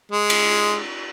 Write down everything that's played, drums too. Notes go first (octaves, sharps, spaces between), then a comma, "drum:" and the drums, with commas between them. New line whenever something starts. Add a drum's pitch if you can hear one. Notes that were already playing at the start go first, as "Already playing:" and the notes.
G#3
drum: cymbal